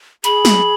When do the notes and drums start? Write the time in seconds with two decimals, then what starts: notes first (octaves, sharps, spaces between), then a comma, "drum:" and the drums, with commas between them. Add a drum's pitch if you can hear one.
0.24 G#4 B5, drum: hi-hat
0.45 drum: snare